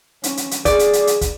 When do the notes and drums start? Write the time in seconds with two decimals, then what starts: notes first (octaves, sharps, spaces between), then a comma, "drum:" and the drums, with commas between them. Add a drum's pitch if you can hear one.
0.24 C#4, drum: hi-hat
0.37 drum: hi-hat
0.51 drum: hi-hat
0.65 G#4 D5, drum: kick, hi-hat
0.79 drum: hi-hat
0.93 drum: hi-hat
1.07 drum: hi-hat
1.21 drum: kick, hi-hat